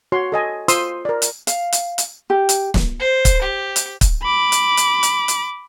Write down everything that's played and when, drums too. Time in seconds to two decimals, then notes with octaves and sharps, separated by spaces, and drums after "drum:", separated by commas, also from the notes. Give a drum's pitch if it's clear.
0.12 F#4 C#5 C6
0.32 A4 D#5 G#5
0.68 F4 C5 C6 D#6 E6, drum: hi-hat
1.05 A#4 D5
1.22 drum: hi-hat
1.47 F5, drum: hi-hat
1.73 drum: hi-hat
1.98 drum: hi-hat
2.30 G4
2.49 drum: hi-hat
2.74 drum: snare
2.99 C5
3.25 drum: kick, hi-hat
3.42 G4
3.76 drum: hi-hat
4.01 drum: kick, hi-hat
4.23 B5 D6
4.52 drum: hi-hat
4.77 drum: hi-hat
5.03 drum: hi-hat
5.28 drum: hi-hat